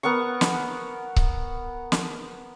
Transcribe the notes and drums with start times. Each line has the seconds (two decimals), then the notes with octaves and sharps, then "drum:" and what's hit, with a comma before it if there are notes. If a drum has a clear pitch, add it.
0.03 B3 A#4 F#5 C#6
0.41 drum: snare
1.16 drum: kick C#1
1.92 drum: snare